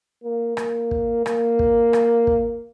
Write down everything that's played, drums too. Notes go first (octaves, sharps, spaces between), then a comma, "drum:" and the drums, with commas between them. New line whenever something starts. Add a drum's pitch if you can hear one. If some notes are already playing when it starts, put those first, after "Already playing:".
A#3
A#3, drum: rim click
drum: kick
A#3, drum: rim click
drum: kick
drum: rim click
drum: kick